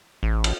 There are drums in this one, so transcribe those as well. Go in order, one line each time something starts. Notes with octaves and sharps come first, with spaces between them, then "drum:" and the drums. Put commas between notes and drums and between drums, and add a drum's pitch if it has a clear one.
A1
drum: cymbal